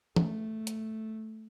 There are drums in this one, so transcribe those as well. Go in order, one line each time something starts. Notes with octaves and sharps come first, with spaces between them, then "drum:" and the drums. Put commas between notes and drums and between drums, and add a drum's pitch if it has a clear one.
A3, drum: tom E3
drum: hi-hat